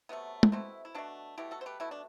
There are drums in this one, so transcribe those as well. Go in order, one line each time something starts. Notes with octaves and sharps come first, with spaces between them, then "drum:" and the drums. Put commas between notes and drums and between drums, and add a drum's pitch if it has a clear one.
C3 F#3 A3 B3
drum: tom
B2 A3 C4 E4
E4
B2 A3 D4 F#4
B2 A3 E4 G4
F#4 A4
C5
G4 B4
B2 A3 E4
D4